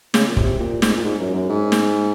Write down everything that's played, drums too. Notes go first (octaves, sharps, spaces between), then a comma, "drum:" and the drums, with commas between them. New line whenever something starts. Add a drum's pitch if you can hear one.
C#3, drum: snare
A#2
C3, drum: kick
A#2
G#2, drum: snare
A#2
G#2
F#2
F#2
G#2
drum: snare